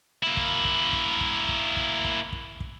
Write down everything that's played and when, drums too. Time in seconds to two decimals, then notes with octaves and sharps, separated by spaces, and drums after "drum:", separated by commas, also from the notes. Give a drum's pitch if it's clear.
0.23 A#3 E4
0.37 drum: kick
0.65 drum: kick
0.93 drum: kick
1.21 drum: kick
1.49 drum: kick
1.77 drum: kick
2.05 drum: kick
2.32 drum: kick
2.60 drum: kick